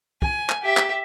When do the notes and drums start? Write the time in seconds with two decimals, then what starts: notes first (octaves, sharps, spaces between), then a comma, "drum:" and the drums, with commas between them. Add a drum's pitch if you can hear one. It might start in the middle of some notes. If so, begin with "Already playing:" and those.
0.22 G#5, drum: kick
0.50 drum: clap
0.63 G4 E5
0.77 drum: clap